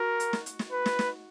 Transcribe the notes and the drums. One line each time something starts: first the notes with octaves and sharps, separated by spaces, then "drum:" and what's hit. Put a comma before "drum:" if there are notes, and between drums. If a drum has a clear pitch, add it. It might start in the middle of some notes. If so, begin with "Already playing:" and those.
Already playing: F#4 A#4
drum: hi-hat
drum: snare
drum: hi-hat
drum: snare
B4
drum: snare
drum: snare